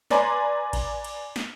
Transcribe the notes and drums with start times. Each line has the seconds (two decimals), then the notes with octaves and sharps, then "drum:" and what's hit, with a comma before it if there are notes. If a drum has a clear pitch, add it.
0.10 B4 D5 G#5 A#5 C6, drum: snare
0.73 drum: kick A1, cymbal
1.04 drum: cymbal
1.36 drum: snare